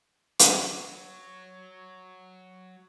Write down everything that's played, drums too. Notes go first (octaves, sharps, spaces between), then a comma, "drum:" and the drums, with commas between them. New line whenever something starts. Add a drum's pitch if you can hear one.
drum: hi-hat
F#3 F#4